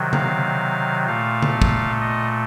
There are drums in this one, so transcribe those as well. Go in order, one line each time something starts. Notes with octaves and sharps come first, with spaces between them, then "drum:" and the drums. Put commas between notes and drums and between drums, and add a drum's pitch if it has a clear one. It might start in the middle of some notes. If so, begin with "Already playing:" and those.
Already playing: C3 D#3 F#3
F5, drum: tom C#3
A#2 A3 F5
drum: tom C#3
drum: kick
D#5